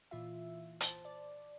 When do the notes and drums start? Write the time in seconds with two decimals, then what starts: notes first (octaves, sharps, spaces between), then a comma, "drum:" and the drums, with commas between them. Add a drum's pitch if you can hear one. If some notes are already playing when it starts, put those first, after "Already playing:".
0.11 A#2 E3 F4 E5
0.80 C5 A5, drum: hi-hat
1.05 D5